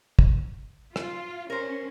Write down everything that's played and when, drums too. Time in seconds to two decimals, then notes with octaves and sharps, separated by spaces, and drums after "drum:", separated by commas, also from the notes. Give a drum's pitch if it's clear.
0.19 drum: kick
0.96 F4, drum: rim click
1.50 C#4 A#4 C5